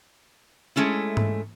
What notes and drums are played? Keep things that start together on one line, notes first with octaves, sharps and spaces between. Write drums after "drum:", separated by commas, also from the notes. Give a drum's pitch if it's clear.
G#3 A3 C#4 E4
drum: tom G#2